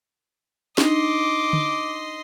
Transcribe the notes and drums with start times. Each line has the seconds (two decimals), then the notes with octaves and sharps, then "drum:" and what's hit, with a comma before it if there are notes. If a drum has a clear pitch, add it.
0.78 D4 D#4 D#5 C6 D6, drum: snare
1.53 drum: tom D3